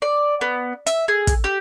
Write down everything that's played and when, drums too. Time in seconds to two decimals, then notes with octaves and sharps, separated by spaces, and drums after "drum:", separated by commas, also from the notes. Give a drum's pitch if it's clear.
0.02 D5
0.41 B3
0.87 E5, drum: hi-hat
1.08 G#4
1.27 drum: kick, hi-hat
1.44 G4